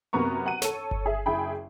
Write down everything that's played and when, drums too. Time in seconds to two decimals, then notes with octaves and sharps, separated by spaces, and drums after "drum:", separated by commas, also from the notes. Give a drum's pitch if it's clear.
0.13 F#2 C3 A#3 B3 A#5 C#6
0.46 F#5 D#7
0.62 A4 C#5, drum: snare
0.91 drum: kick G1
1.06 G#4 E5
1.26 F#1 E4 G#4 G5 B5